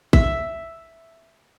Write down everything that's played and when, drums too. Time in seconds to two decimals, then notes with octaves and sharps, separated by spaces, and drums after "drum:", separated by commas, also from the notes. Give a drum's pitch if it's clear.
0.13 E5, drum: kick A1